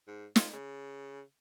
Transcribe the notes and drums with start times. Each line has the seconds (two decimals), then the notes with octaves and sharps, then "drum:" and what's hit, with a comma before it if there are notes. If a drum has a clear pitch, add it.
0.07 G#2
0.36 F4, drum: snare
0.53 C#3